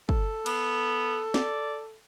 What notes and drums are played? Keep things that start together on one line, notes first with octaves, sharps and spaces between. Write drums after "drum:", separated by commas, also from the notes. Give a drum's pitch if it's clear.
A4, drum: kick
B3, drum: cymbal
D5, drum: snare